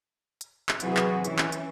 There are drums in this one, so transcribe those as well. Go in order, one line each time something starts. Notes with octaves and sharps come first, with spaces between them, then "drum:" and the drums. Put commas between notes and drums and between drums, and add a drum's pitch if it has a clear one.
drum: hi-hat
drum: clap
C3 E3 F#3 F#4 G#4 B4, drum: hi-hat
drum: clap
E3 C#4 E4, drum: hi-hat
drum: clap
drum: hi-hat